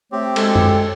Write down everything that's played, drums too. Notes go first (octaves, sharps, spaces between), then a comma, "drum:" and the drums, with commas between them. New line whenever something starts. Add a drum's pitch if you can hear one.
A3 C4 G4 C#5
D2 G#3 A4, drum: cymbal
drum: tom F#2